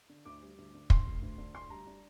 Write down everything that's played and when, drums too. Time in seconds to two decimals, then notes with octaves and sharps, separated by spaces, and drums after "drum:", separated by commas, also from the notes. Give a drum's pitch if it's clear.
0.09 D3
0.25 D2 D6
0.42 G3
0.58 D2
0.74 D3
0.90 D2 C6, drum: kick
1.07 A3
1.22 D2
1.38 D3
1.54 D2 C6
1.70 G3 A#5
1.87 D4